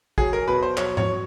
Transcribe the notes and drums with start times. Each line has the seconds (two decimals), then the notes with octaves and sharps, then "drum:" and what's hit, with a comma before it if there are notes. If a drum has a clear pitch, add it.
0.18 F#3 G#4, drum: kick
0.33 A#4
0.47 B2 B4
0.63 C5
0.77 F#3 C#5, drum: clap
0.97 C#5, drum: tom G#2